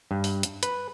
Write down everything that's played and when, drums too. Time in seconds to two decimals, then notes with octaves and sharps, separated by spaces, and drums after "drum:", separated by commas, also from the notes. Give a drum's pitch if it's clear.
0.11 G2
0.24 drum: open hi-hat
0.43 drum: hi-hat
0.63 B4, drum: hi-hat